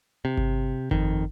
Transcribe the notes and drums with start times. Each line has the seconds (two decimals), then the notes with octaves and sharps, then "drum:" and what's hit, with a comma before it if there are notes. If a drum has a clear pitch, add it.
0.25 C3
0.37 drum: kick G1
0.91 F2 D#3, drum: kick G1